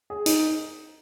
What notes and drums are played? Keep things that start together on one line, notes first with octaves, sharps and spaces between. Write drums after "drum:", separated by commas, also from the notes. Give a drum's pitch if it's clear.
G#4
D#4, drum: hi-hat